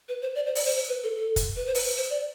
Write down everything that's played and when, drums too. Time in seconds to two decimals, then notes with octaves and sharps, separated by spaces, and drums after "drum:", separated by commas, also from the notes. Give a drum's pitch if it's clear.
0.09 B4
0.22 C5
0.35 D5
0.46 C5
0.55 D5, drum: open hi-hat
0.66 C5
0.76 C5
0.89 B4
1.03 A4
1.16 A4
1.36 drum: kick, hi-hat
1.56 B4
1.66 C5
1.75 B4, drum: open hi-hat
1.97 C5
2.10 D5